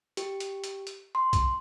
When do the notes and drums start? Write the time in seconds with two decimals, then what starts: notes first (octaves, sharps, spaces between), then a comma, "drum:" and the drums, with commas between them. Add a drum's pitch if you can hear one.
0.17 G4, drum: hi-hat
0.40 drum: hi-hat
0.64 drum: hi-hat
0.87 drum: hi-hat
1.15 C6
1.33 drum: kick B1, hi-hat